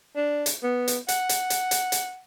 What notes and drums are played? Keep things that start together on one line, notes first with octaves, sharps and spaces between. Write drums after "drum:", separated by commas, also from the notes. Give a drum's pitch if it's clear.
D4
drum: hi-hat
B3
drum: hi-hat
F#5, drum: hi-hat
drum: hi-hat
drum: hi-hat
drum: hi-hat
drum: hi-hat